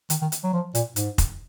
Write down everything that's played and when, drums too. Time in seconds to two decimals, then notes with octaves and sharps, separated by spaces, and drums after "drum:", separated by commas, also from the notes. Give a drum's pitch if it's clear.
0.10 D#3, drum: hi-hat
0.21 D#3
0.32 drum: hi-hat
0.43 F#3
0.53 F3
0.75 A#2, drum: hi-hat
0.96 G#2, drum: hi-hat
1.18 drum: kick F1, hi-hat